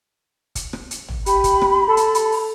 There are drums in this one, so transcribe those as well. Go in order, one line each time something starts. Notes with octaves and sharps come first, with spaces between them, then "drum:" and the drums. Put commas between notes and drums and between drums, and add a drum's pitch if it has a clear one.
drum: kick, hi-hat
drum: rim click
drum: hi-hat
drum: tom
G4 B5, drum: hi-hat
drum: kick, hi-hat
drum: rim click
A4
drum: hi-hat
drum: hi-hat
drum: open hi-hat